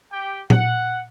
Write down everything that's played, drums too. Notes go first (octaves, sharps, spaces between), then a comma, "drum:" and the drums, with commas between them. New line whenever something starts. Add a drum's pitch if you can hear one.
G4 G5
F#5, drum: tom A#2